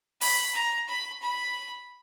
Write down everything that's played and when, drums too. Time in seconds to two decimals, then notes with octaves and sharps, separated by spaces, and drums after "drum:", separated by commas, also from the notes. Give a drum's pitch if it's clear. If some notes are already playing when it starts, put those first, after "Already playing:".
0.21 B5, drum: open hi-hat
0.55 A#5
0.88 B5
1.22 B5